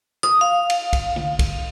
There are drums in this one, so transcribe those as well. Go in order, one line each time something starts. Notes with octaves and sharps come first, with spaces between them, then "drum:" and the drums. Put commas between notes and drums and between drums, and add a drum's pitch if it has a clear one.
D#6, drum: rim click
F5
drum: cymbal
drum: kick, cymbal
drum: tom D3
drum: kick, cymbal